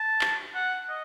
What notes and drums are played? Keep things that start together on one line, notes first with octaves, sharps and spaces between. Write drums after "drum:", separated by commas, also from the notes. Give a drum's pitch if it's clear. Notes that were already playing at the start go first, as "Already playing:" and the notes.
Already playing: A5
drum: clap
F#5
D#5